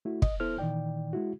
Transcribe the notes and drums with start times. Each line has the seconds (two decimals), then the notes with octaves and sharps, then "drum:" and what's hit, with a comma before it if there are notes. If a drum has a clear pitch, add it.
0.05 A3 E4 F#4
0.22 D#5, drum: kick
0.40 B3 E4 A4 C5 F6
0.58 A#2 D#3 E3 D5 G5
1.13 G#3 E4 F#4